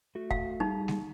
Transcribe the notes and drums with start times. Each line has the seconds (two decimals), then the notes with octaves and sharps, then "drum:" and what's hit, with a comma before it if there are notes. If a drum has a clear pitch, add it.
0.15 A3 F#4
0.31 F5, drum: kick
0.60 G3 D#4 G#4 A#5
0.88 drum: snare